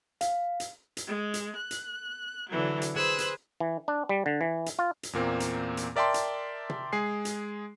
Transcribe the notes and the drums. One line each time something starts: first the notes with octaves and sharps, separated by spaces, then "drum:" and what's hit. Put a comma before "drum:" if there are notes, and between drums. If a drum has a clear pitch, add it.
F5, drum: hi-hat
drum: hi-hat
drum: hi-hat
G#3
drum: hi-hat
F#6
drum: hi-hat
D3 E3 F#3
drum: hi-hat
G#4 B4 C5 G#5 E6 F#6
drum: hi-hat
E3
D4
G3
D3
E3
drum: hi-hat
F4
drum: hi-hat
E2 A#2 A#3 C4
drum: hi-hat
drum: hi-hat
A#4 D5 E5 G5 A5 C6
drum: hi-hat
drum: tom
G#3 G#4 C7
drum: hi-hat